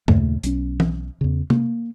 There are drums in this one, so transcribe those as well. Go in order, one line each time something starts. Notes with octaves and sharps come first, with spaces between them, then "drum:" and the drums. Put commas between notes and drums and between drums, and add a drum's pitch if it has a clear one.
D#2 A#2 C#3 A3, drum: tom F#2
B1 C#4, drum: hi-hat
drum: tom
E2 C#3
A#3, drum: tom C3